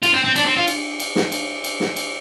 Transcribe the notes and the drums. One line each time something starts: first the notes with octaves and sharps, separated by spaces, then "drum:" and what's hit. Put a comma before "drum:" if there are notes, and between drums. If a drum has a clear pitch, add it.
F4, drum: cymbal
C4
C4
D4, drum: cymbal
C4
F4
drum: cymbal
drum: cymbal
drum: snare
drum: cymbal
drum: cymbal
drum: snare
drum: cymbal